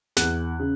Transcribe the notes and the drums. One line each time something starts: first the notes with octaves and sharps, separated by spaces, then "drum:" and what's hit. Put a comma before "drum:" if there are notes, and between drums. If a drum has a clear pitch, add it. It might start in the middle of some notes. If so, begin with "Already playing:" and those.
E2 F#6, drum: snare
C#3